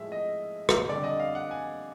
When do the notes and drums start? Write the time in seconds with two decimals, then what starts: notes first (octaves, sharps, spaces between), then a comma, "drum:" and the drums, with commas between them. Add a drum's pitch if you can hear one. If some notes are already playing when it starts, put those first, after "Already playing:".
Already playing: A2 F3 G#3 E5
0.12 D#5
0.69 drum: rim click
0.89 F2 D3 G3 D5
1.04 D#5
1.20 F5
1.35 F#5
1.51 G#5